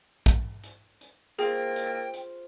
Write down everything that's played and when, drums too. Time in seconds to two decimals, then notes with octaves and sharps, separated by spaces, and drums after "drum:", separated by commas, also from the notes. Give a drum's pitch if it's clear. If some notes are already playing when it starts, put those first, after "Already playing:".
0.26 drum: kick, hi-hat
0.64 drum: hi-hat
1.01 drum: hi-hat
1.39 A#3 F4 G#4 C5 F5 G5, drum: hi-hat
1.76 drum: hi-hat
2.14 drum: hi-hat